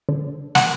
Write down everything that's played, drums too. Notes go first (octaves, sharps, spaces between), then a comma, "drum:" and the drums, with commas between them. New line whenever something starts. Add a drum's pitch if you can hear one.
D3
F#5, drum: snare